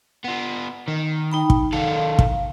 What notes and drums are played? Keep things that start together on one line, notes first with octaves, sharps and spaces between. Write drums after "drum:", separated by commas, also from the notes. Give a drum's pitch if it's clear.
B3 F4
D#3
D#4 G5 B5
drum: kick
D#3 A4 F5
drum: kick